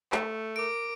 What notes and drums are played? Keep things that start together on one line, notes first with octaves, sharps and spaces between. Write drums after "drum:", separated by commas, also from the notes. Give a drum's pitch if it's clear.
A3, drum: clap
A#4 D6 D7